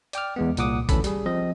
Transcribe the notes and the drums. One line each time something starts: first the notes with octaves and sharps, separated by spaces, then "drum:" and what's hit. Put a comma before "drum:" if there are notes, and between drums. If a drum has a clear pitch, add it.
D5 G5 D6 F6, drum: hi-hat
E2 G#3 B3
C2 A#2 F#5 D6 D#6, drum: hi-hat
D2 E3 C#4 A4 B5, drum: kick A1, hi-hat
G3 G#4, drum: hi-hat
F3 C4 D#5